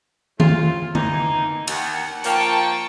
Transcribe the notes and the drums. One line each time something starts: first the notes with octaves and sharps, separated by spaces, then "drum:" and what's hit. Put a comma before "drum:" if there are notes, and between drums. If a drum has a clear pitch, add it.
A2 F4, drum: tom D#3
E3 A#3 D#4, drum: tom D3
D#2 F#5, drum: cymbal
F3 A#3 G5 A5 C#6, drum: hi-hat